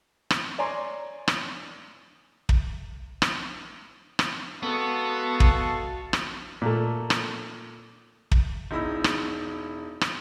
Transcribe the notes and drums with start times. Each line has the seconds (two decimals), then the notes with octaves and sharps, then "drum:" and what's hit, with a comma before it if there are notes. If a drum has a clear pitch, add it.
0.30 drum: rim click
0.58 C#5 D5 G#5 A#5 C6
1.28 drum: rim click
2.49 drum: kick
3.22 drum: rim click
4.19 drum: rim click
4.63 G#3 B3 F#4 A4 F5 A5 C#6
5.40 drum: kick
6.13 drum: rim click
6.62 A#2 A3
7.10 drum: rim click
8.32 drum: kick
8.71 E1 D#4 E4 B5 E6 A#6
9.04 drum: rim click
10.01 drum: rim click